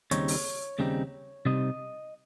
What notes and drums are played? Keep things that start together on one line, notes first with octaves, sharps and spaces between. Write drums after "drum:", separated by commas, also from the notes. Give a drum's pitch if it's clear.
D#2 C#3 G3 C4 D#4 C#5, drum: hi-hat
drum: open hi-hat
D#2 C#3 G3 C4 D#4
C3 G3 C4 D#4 D#5